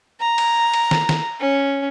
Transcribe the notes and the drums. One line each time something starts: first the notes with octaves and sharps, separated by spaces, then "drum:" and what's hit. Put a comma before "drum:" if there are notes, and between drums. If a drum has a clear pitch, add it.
A#5
drum: cymbal
drum: cymbal
drum: snare
drum: snare
C#4